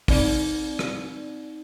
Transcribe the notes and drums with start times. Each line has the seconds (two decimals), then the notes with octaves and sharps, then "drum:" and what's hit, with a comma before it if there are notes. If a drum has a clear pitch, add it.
0.08 C4 D#4 D5 G7, drum: kick, open hi-hat
0.79 drum: rim click